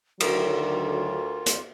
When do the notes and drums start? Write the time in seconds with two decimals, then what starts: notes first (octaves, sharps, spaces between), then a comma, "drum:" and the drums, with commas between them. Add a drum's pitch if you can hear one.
0.20 D2 D3 D#3 F#3 F4 A#4, drum: cymbal
1.46 drum: hi-hat